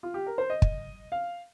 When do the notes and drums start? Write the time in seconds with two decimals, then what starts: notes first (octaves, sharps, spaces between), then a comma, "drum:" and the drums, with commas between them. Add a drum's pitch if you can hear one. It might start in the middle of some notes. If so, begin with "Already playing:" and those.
0.03 F4
0.14 G4
0.27 A#4
0.38 C5
0.50 D#5
0.62 drum: kick
1.12 F5